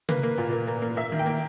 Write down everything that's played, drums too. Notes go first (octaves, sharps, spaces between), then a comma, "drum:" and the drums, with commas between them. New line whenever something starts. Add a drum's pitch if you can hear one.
A#3 B4, drum: tom C3
A#3
A#2
A#3
A#3
A#3
A#3 E5
D#3
G5
A#3